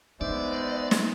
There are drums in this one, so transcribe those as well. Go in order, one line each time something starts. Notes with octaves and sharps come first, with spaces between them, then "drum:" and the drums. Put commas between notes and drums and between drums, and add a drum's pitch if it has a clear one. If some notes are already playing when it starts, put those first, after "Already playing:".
G#3 B3 D#4 C5 D5 E5
drum: snare